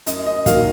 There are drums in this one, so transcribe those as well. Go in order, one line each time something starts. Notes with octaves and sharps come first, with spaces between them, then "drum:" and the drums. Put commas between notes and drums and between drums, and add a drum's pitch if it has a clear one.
F#2 D#5, drum: hi-hat
D#5
D#3 F#3 A#3 F5, drum: kick, hi-hat